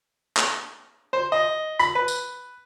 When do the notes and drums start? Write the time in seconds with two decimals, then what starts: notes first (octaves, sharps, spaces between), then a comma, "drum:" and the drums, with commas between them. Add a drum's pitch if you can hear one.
0.37 drum: clap
1.13 C5
1.32 D#5
1.79 B5, drum: hi-hat
1.95 B4
2.08 drum: tambourine